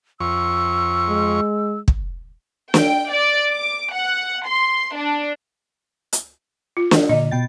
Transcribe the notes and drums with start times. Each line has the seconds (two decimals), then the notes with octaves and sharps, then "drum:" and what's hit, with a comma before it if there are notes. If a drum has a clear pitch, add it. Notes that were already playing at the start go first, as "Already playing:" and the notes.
0.20 F2 C#6 E6
1.09 G#3
1.88 drum: kick
2.74 G5, drum: snare
3.12 D5
3.51 D6
3.93 F#5
4.47 C6
4.96 D4
6.13 drum: hi-hat
6.77 F4
6.91 D#5, drum: snare
7.09 A#2 D3 D#5
7.31 B2 G5 A6